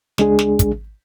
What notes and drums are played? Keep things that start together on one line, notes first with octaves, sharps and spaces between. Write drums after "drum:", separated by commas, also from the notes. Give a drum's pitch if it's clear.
C#2 G#3 D4 G#4, drum: snare
drum: snare
drum: kick, hi-hat